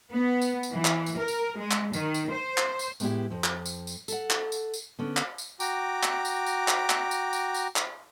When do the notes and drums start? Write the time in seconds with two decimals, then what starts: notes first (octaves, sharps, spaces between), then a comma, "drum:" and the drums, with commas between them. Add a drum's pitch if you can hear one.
0.12 B3
0.42 drum: tambourine
0.63 drum: tambourine
0.73 E3
0.85 drum: clap
1.06 drum: tambourine
1.17 A#4
1.28 drum: tambourine
1.58 G#3
1.71 drum: clap
1.93 D#3, drum: tambourine
2.14 drum: tambourine
2.31 C5
2.58 drum: clap
2.79 drum: tambourine
3.00 A2 G#3 B3 D#4 E4 G4, drum: tambourine
3.30 F2 F3
3.44 drum: clap
3.66 drum: tambourine
3.87 drum: tambourine
4.08 A4 F#5, drum: tambourine
4.30 drum: clap
4.52 drum: tambourine
4.74 drum: tambourine
4.99 D3 B3 C#4
5.17 drum: clap
5.38 drum: tambourine
5.60 F#4 G5 A#5 D6, drum: tambourine
6.03 drum: clap
6.25 drum: tambourine
6.46 drum: tambourine
6.68 drum: clap
6.90 drum: clap
7.11 drum: tambourine
7.33 drum: tambourine
7.54 drum: tambourine
7.76 drum: clap